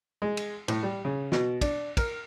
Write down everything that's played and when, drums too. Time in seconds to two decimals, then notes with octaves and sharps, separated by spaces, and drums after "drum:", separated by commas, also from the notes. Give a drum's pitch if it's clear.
0.22 G#3
0.37 drum: cymbal
0.68 A2, drum: cymbal
0.83 G3
1.05 C#3
1.32 B2, drum: snare
1.61 D4, drum: kick, cymbal
1.97 A#4, drum: kick, cymbal